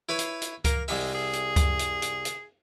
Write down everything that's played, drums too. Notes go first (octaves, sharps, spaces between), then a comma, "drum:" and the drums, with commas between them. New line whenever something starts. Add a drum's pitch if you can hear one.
E4 B4 C#5
drum: hi-hat
drum: hi-hat
A#3 A#4, drum: kick C#2, hi-hat
C2 G#3 E5, drum: open hi-hat
G#4
drum: hi-hat
drum: kick C#2, hi-hat
drum: hi-hat
drum: hi-hat
drum: hi-hat